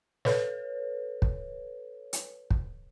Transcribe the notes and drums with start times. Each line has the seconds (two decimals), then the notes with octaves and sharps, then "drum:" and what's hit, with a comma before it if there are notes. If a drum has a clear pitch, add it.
0.25 A4 B4 C#5, drum: snare
1.22 drum: kick
2.13 drum: hi-hat
2.50 drum: kick